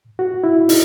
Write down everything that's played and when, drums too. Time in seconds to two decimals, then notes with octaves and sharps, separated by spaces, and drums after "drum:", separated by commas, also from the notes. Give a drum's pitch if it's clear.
0.19 F#4
0.44 E4
0.69 D#4, drum: open hi-hat